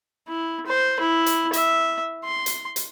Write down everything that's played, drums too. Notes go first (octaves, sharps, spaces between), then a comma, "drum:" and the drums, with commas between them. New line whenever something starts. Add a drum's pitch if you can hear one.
E4
C5
E4
drum: hi-hat
E5, drum: hi-hat
C6
drum: hi-hat
drum: hi-hat